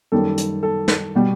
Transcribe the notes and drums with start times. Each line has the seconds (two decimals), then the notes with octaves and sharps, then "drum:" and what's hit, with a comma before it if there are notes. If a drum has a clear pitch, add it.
0.12 F#2 D#3 G3 A4
0.37 drum: hi-hat
0.63 A4
0.88 drum: snare
1.15 B2 G3